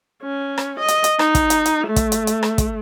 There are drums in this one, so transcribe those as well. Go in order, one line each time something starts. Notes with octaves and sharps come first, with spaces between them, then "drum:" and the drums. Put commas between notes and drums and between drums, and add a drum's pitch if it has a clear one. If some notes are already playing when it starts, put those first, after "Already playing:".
C#4
drum: rim click
D#5
drum: hi-hat
drum: hi-hat
D#4, drum: rim click
drum: kick, hi-hat
drum: hi-hat
drum: hi-hat
A3
drum: kick, hi-hat
drum: hi-hat
drum: hi-hat
drum: rim click
drum: kick, hi-hat